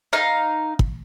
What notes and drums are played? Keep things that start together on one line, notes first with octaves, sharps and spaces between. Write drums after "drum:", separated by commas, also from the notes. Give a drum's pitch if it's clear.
D#4 F5
drum: kick